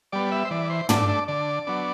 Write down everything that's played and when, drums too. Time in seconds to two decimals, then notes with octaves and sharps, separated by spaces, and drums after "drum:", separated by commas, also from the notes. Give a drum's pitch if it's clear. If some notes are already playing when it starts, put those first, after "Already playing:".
0.12 G3 B3 D5
0.32 E5
0.45 C5
0.51 E3 D5
0.70 C5
0.89 A3 D4 D5, drum: tom
1.09 D5
1.28 D3 D5
1.67 F#3 B3 D4